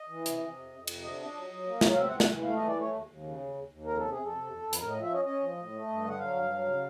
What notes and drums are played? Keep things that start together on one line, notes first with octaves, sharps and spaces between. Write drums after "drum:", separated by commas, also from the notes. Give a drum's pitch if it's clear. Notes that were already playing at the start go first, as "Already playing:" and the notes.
Already playing: D#5
E3
C3, drum: hi-hat
C3
F2
F2
C3, drum: cymbal
D3 D#5
D4
F#3
F#3
A#3
F#3, drum: snare
F5
C4 E5
F#5
E3
F#5, drum: snare
E3
A3 F5
E3 D#5
D5
A3 C#5
D#2
D#2
C#3
D#2
D#2
D#2
F2 A#4
C3 A4
G#4
F2
A4
C3
F2
F2
B4, drum: hi-hat
A2 A#4
F3 D#5
E5
C#4 D#5
C#4 D#5
F3
A2
A3
G2
D3
F#5
F#3 F5
G2
F#3
C#3